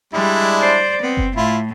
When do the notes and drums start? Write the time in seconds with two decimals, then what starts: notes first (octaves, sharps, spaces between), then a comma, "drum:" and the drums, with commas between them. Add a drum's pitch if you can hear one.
0.13 G3 G#3 D4 E4
0.59 C5 D5
1.02 B3 C4
1.17 drum: kick F#1
1.36 A2 E4 F4